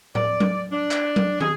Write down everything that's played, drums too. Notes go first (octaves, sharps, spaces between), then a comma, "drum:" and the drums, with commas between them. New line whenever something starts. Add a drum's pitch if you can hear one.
D5, drum: tom A2
drum: tom F#3
D4
drum: clap
drum: tom F#3
G#4, drum: tom